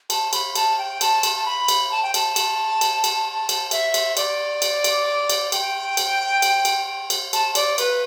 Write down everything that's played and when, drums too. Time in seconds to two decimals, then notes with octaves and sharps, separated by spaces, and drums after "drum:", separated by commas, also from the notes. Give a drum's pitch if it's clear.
0.10 A5, drum: cymbal
0.33 B5, drum: cymbal
0.55 A5, drum: cymbal
0.78 G5
1.01 A5, drum: cymbal
1.23 drum: cymbal
1.36 A5
1.45 B5
1.68 drum: cymbal
1.91 A5
2.03 G5
2.14 A5, drum: cymbal
2.36 drum: cymbal
2.81 drum: cymbal
3.04 drum: cymbal
3.49 drum: cymbal
3.71 E5, drum: cymbal
3.94 drum: cymbal
4.17 D5, drum: cymbal
4.62 drum: cymbal
4.84 drum: cymbal
5.30 drum: cymbal
5.52 G5, drum: cymbal
5.97 drum: cymbal
6.42 drum: cymbal
6.65 drum: cymbal
7.10 drum: cymbal
7.33 A5, drum: cymbal
7.55 D5, drum: cymbal
7.78 B4, drum: cymbal